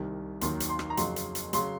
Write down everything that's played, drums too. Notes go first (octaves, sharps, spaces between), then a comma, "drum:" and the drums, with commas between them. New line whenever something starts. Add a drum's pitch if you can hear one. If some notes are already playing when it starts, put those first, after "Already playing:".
Already playing: C2 C3 D#3
D#2 D#3 F#3 C6, drum: hi-hat
drum: hi-hat
C6
drum: rim click
A#5
F2 C#3 F#3 C6, drum: hi-hat
drum: hi-hat
drum: hi-hat
C#3 F#3 C6, drum: hi-hat